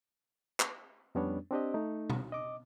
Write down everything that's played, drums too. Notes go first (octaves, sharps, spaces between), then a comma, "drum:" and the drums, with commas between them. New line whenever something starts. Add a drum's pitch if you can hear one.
drum: clap
F2 G3 B3 C#4 D4 C#5
C4 D4 G4 D#5
A3 D#4
drum: tom B2
D#5 D6